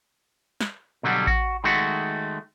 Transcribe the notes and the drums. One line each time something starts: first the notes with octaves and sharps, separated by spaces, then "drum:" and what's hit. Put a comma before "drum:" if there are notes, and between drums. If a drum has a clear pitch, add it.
drum: snare
B2 D3 F#3 G3
F#4, drum: kick A1
D#3 G#3 A3 F#4